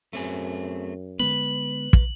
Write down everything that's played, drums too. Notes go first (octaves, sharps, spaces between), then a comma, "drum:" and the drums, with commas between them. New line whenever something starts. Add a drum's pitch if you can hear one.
F#2 A3 C4 G#4
D3 G#3 B3 B4 F#7
drum: kick